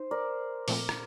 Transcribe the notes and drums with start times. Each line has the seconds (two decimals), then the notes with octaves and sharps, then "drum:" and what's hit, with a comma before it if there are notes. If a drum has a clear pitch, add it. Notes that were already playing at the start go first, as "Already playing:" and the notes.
Already playing: D#4 C5
0.11 A#4 D5
0.68 A#2 F3 A3 C4, drum: open hi-hat
0.89 drum: rim click